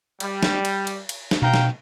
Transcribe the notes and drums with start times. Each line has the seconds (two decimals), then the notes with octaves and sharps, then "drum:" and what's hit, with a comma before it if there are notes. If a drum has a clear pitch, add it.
0.20 G3, drum: cymbal
0.43 drum: snare
0.65 drum: cymbal
0.87 drum: cymbal
1.09 drum: cymbal
1.31 drum: snare
1.42 B2 F5 G5 A#5
1.54 drum: snare